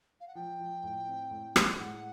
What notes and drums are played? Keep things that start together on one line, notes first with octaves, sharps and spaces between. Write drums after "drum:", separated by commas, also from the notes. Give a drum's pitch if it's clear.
F5
F#5
F3 G5
F3
A2
C4
A2
G#3, drum: rim click
A2 F#5